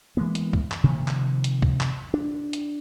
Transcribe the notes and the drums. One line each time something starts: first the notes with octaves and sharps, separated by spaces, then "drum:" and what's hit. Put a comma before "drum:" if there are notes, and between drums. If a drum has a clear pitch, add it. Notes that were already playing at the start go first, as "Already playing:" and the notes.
E3 G#3 A#3 B3
drum: hi-hat
drum: kick
drum: clap
C3 D#3 F3 A#3
drum: clap
drum: hi-hat
drum: kick
drum: clap
D4
drum: hi-hat